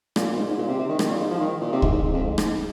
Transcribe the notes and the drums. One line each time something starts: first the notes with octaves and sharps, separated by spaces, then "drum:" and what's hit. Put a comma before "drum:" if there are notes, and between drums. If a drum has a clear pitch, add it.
A#2, drum: rim click
A#2
G#2
G#2
A#2
C3
C3
D#3
D#3, drum: rim click
A#2
G#2
F3
D#3
A#2
C3
G#2, drum: kick C#2
G#2
G#2
F2
G#2
drum: rim click